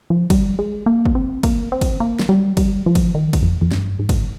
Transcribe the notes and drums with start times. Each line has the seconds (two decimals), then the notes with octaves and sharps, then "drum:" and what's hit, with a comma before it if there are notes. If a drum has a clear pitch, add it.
0.10 F3
0.30 G3, drum: kick, cymbal
0.59 G#3
0.86 A#3
1.06 drum: kick
1.15 C4
1.43 A#3, drum: kick, cymbal
1.72 C4
1.81 drum: kick, cymbal
2.00 A#3
2.19 drum: snare
2.29 G3
2.57 G3, drum: kick, cymbal
2.86 F3
2.95 drum: kick, cymbal
3.15 D#3
3.33 drum: kick, cymbal
3.42 F2
3.61 F2
3.71 G2, drum: snare
3.99 G#2
4.09 drum: kick, cymbal